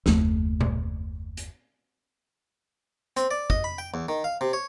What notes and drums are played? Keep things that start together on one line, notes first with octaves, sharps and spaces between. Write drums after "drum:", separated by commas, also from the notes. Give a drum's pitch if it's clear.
F#1 D#2 A3, drum: snare
drum: tom A#2
drum: hi-hat
C4, drum: hi-hat
D5
D#5, drum: kick
B5
G5
E2
D#3
F5
C3
C#5